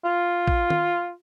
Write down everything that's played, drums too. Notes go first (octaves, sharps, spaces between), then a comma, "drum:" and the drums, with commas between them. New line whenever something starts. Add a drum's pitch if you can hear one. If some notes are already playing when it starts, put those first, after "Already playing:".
F4
drum: kick
drum: tom D#3